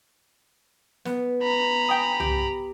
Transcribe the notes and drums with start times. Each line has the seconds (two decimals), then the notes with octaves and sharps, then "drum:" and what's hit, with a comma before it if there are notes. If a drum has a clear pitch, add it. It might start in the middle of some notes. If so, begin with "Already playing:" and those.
1.05 B3, drum: snare
1.43 A#5 B5
1.88 G5 G#5 D#6
2.20 G4, drum: tom